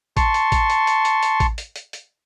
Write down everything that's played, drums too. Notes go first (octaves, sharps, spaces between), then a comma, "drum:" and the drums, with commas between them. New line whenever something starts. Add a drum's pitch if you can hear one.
A5 C6 C#6, drum: kick A1, hi-hat
drum: hi-hat
drum: kick A1, hi-hat
drum: hi-hat
drum: hi-hat
drum: hi-hat
drum: hi-hat
drum: kick A1, hi-hat
drum: hi-hat
drum: hi-hat
drum: hi-hat